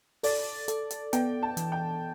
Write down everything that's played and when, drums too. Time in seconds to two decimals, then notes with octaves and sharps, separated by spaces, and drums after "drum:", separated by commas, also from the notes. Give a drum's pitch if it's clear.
0.23 A4 D5, drum: open hi-hat
0.68 A4, drum: hi-hat
0.90 drum: hi-hat
1.13 B3 G5, drum: hi-hat
1.43 A5
1.57 E3, drum: hi-hat
1.72 G5